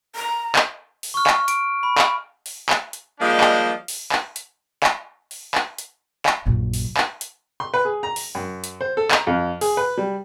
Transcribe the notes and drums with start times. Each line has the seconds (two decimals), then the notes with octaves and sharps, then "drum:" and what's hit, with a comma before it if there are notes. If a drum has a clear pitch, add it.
0.16 A#5
0.56 drum: clap
1.03 drum: open hi-hat
1.14 C#6 F6
1.27 drum: clap
1.48 D7, drum: hi-hat
1.83 B5
1.98 drum: clap
2.46 drum: open hi-hat
2.69 drum: clap
2.93 drum: hi-hat
3.20 F3 G3 G#3 A#3 D4 D#5
3.41 drum: clap
3.88 drum: open hi-hat
4.12 drum: clap
4.36 drum: hi-hat
4.83 drum: clap
5.31 drum: open hi-hat
5.55 drum: clap
5.78 drum: hi-hat
6.26 drum: clap
6.46 A#1 F#2
6.74 drum: open hi-hat
6.97 drum: clap
7.21 drum: hi-hat
7.60 C6
7.74 B4
7.85 G#4
8.03 A#5
8.16 drum: open hi-hat
8.35 F#2
8.64 drum: hi-hat
8.81 C5
8.97 A4
9.11 A#5, drum: clap
9.27 F2
9.61 G#4, drum: open hi-hat
9.77 B4
9.97 G3